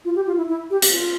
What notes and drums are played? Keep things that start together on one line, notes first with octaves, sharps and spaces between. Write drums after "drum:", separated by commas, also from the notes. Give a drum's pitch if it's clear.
F4
G4
F4
E4
E4
G4
drum: hi-hat
F4